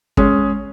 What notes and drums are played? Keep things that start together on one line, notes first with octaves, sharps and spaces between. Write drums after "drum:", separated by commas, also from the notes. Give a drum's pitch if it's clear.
G#3 C#4 G#4, drum: kick